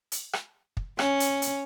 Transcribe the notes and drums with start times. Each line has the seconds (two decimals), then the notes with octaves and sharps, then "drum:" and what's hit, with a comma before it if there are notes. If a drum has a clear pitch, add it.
0.12 drum: hi-hat
0.33 drum: rim click
0.77 drum: kick
0.99 C#4, drum: rim click
1.20 drum: hi-hat
1.42 drum: hi-hat